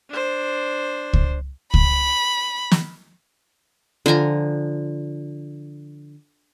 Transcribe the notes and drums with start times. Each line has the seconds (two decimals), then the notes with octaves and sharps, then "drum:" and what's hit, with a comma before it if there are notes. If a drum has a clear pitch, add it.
0.10 D4 C5
1.13 drum: kick C#2
1.74 B5, drum: kick C#2
2.72 drum: snare
4.06 D3 F3 G#5 A#5